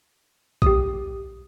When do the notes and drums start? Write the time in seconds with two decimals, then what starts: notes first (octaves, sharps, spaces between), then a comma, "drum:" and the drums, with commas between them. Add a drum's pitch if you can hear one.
0.62 G4 D#6, drum: kick A#1